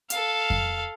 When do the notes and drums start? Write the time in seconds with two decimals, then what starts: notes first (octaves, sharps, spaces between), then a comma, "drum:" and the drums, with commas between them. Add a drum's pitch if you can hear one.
0.10 A4 F5, drum: hi-hat
0.50 drum: kick F2